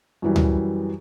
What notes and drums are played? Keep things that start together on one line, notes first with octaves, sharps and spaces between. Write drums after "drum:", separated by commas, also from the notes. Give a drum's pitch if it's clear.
F#2 E3 G3
drum: tom D2